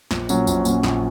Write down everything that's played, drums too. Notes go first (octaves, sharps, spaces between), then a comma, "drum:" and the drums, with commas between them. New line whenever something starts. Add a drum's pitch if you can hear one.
A#1, drum: snare
A#2 F#3 C#4, drum: tambourine
A#1, drum: tambourine
A#2 F#3 C#4, drum: tambourine
A#1, drum: snare